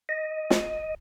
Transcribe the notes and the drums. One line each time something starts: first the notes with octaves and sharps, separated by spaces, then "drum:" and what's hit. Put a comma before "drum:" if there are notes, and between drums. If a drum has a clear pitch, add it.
D#5
drum: snare